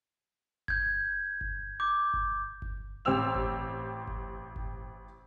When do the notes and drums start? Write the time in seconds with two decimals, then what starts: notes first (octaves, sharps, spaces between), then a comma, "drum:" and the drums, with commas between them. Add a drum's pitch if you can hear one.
0.68 G6 G#6, drum: kick G1
1.41 drum: kick G1
1.80 D6 G6
2.14 drum: kick G1
2.62 drum: kick G1
3.05 A1 C4 G4 E6 F7
3.35 drum: kick G1
4.07 drum: kick G1
4.56 drum: kick G1